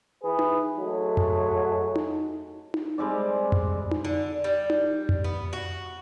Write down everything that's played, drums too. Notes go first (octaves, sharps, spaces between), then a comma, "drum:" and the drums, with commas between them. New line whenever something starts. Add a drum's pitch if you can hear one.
E3 G#4 B4
drum: tom D#4
F#3 G#3 A3
drum: tom F2
drum: tom D#4
drum: tom D#4
G3 G#3 C4 D5
drum: tom F2
drum: tom D#4
D3
G3
drum: tom D#4
drum: tom F2
B3
F#4